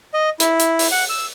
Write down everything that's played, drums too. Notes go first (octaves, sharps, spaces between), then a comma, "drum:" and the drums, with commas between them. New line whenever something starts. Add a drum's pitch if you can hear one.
D#5
E4, drum: hi-hat
drum: hi-hat
drum: open hi-hat
F#5
E6